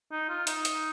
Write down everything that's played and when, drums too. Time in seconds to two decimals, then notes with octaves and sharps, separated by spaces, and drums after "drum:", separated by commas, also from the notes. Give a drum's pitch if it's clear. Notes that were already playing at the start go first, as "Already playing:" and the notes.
0.11 D#4
0.29 F4
0.47 D#4, drum: hi-hat
0.65 drum: hi-hat